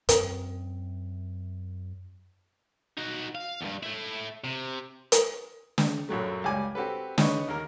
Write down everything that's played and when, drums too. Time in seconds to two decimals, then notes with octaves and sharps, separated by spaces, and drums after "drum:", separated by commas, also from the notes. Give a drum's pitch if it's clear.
0.09 F#2 C4, drum: hi-hat
2.98 D#4 F#4
3.35 F5
3.61 E2 G2
3.83 A3 E4
4.44 C3
5.12 drum: hi-hat
5.78 drum: snare
6.09 A#1 F#2 F#3 A3
6.44 C#2 G3 D5 G#5 D6
6.75 C4 F#4 G4 A4 B4
7.18 D#4 B4 C#5 C#6, drum: snare
7.48 D#2 A#3 A#4